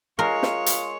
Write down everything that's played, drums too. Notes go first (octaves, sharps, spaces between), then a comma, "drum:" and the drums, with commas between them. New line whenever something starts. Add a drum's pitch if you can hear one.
G#3 F4 A#4 C#5
drum: snare
drum: hi-hat